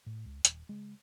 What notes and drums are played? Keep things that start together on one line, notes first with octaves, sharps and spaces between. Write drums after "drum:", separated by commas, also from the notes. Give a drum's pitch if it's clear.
A2
C#2
D#1, drum: hi-hat
C#3 G#3